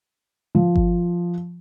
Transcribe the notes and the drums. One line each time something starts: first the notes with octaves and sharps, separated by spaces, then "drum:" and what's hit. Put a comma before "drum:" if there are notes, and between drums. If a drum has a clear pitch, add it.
F3
drum: kick G1